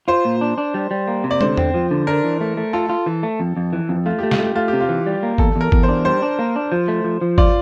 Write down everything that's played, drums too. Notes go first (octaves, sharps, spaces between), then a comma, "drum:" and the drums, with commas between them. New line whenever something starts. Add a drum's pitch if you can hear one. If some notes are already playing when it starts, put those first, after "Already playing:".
F4 C5
A#2
D4
D4
G3
G3
A#3
C3
D5
D3 C5, drum: tom
C4, drum: tom E2
F3
D3
D4 A#4
E3
A3
A3
F4 A4
F4
E3
A3
F2
F2
E3
F2
A3 F4
A3 G4
F4, drum: snare
A3 G4
A3 F4
G4
C3
F4
E3
G3
A#3
E2 A4, drum: kick G#1
E2 A#4
E2, drum: kick G#1
C5
D4
G3 C5
D4
A#3
D4
F3
A3
F3
F3
F4 D5, drum: kick G#1